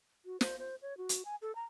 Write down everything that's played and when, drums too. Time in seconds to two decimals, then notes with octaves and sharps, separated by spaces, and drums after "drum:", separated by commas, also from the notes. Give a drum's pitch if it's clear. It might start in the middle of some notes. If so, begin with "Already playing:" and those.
0.26 F#4
0.41 C5, drum: snare
0.59 C5
0.82 C#5
0.97 F#4
1.09 drum: hi-hat
1.25 G#5
1.42 A4
1.55 A#5